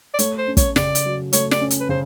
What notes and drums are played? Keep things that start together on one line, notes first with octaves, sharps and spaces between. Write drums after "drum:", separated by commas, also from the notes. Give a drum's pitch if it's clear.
D5
A3 C#5, drum: hi-hat
C5
C#4
C#5, drum: kick, hi-hat
C#3 D5, drum: snare
drum: hi-hat
F#3
A3 C#5, drum: hi-hat
D5, drum: snare
C#4
drum: hi-hat
B4
C#3 C5